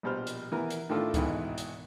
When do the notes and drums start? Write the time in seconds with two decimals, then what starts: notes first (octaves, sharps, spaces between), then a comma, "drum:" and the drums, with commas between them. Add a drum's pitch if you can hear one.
0.03 A#1 B2 G3 C5 F6
0.27 drum: hi-hat
0.52 E3 B3 A#4
0.70 drum: hi-hat
0.89 A2 D#3 A3 D4 F4 A4
1.14 G#1 G#2 B2 D#3 E3, drum: kick C#2, hi-hat
1.58 drum: hi-hat